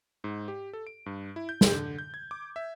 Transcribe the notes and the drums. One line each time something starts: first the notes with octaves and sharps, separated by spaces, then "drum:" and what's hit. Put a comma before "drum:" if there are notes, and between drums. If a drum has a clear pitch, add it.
G#2
G4
A4
D7
G2
E4
G6
drum: snare
D3
G6
G#6
D6
E5